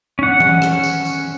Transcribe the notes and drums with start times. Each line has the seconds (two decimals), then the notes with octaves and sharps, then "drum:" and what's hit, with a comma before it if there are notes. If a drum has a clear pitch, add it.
0.19 C#4 F#5
0.40 drum: tom E3
0.62 drum: rim click
0.83 drum: tambourine
1.05 drum: tambourine